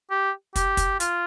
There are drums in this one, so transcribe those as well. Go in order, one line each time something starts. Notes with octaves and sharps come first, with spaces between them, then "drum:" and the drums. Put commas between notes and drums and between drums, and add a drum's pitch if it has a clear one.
G4
G4, drum: kick, hi-hat
drum: kick, hi-hat
F4, drum: hi-hat